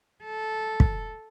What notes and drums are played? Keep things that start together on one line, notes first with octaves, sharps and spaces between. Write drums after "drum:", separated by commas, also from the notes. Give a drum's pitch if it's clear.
A4
drum: kick